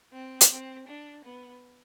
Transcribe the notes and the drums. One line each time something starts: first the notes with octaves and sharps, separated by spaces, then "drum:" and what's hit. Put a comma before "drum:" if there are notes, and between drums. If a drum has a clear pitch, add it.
C4
drum: hi-hat
C4
D4
B3